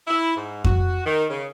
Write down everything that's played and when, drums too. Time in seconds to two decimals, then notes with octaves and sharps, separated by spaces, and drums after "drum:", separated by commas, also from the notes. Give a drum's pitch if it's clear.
0.07 E4
0.36 G#2
0.64 F#4, drum: kick F2
1.06 D#3
1.30 C#3